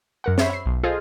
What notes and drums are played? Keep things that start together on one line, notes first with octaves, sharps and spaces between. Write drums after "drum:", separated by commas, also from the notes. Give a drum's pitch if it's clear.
F#2 A#4 F#5
C5 C#5 E5 B5, drum: snare
E5 C7
B1
F4 G#4 A4 C5 D#5